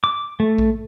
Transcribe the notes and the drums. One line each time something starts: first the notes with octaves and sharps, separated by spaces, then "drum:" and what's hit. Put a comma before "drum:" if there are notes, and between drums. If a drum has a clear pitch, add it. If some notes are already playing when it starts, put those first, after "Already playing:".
D6
A3
drum: kick A#1